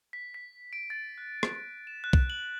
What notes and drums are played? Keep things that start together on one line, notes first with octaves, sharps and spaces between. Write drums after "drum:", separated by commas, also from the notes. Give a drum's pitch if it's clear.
B6
B6
D7
A6
F#6
drum: rim click
E7
F#6
drum: kick B1
F#7